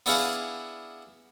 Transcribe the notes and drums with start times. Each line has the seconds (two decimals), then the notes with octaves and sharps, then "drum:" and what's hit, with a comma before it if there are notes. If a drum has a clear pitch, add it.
0.06 B3 D4 E4 G#4 F5 F#5, drum: open hi-hat